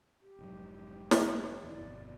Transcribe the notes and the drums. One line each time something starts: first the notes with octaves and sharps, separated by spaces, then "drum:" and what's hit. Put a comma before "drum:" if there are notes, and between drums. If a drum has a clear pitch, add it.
G4
F1 G#2 F#3
drum: snare
E1 E2 D#3 D5
G1 F2 B2